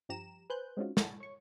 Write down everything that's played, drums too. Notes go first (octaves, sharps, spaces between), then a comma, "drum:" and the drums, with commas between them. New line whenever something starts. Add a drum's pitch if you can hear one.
G2 F3 G4 A#5 E7
B4 C5 G#5 F#6 G6
G#3 C4 C#4 D#4 F4 F#4
F#5 G#5 A5 B5 C#6, drum: snare
C#5 C#6